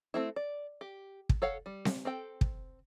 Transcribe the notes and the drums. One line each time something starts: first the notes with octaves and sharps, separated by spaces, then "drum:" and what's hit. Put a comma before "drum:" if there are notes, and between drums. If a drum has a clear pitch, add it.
A3 C4 E4
D5
G4
drum: kick
A4 C#5 F5 F#5
G3
drum: snare C4
C4 A4 G5
drum: kick